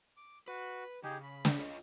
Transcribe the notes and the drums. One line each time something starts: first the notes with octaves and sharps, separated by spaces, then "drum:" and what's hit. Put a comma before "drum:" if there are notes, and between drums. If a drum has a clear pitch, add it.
D6
F#4 B4
C#3 D#4 G4 G#4
B5
drum: snare
F4 C#5 D#5